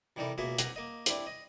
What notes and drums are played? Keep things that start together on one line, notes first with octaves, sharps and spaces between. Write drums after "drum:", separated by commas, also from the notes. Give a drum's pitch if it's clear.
C3 E3 G3 D#4 A4 A#4
C#2 B2 A#3 G#4 E5
C4 G4 F#5 G#5 A#5, drum: hi-hat
A#3 D#5
C4 D4 E4 G4 C5, drum: hi-hat
D#5